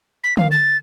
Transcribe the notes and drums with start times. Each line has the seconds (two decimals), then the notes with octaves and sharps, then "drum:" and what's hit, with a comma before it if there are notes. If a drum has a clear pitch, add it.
0.24 B6
0.37 F5, drum: tom D3
0.51 A6